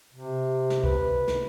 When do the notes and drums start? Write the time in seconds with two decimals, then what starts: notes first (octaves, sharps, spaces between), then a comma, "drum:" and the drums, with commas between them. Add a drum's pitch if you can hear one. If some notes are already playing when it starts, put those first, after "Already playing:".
0.13 C3
0.70 drum: snare
0.84 B4, drum: kick
1.28 drum: snare